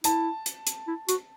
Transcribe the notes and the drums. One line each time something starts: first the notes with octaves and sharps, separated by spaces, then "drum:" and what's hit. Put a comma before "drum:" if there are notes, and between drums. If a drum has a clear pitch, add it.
E4 A5, drum: hi-hat
drum: hi-hat
drum: hi-hat
E4
F#4, drum: hi-hat